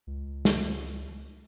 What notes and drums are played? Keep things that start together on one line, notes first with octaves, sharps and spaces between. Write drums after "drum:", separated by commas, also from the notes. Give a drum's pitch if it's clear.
C#2
drum: snare